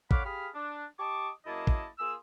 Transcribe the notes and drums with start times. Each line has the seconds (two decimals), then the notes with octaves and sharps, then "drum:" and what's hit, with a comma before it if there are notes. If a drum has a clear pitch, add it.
0.11 D3 C#5 F5 F#5 B5 D6, drum: kick
0.25 G4 G#4 F5 B5 F6
0.55 D4
0.99 G4 D#5 A5 C#6 D6
1.46 F#2 A#3 E4 G#4 D#5 A5
1.67 drum: kick
1.99 A#3 F4 G#4 E6